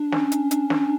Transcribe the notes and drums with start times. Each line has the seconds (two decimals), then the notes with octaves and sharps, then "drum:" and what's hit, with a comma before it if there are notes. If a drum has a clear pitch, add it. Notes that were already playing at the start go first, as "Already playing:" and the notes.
Already playing: D4
0.12 C#4, drum: snare
0.32 drum: hi-hat
0.51 drum: hi-hat
0.70 drum: snare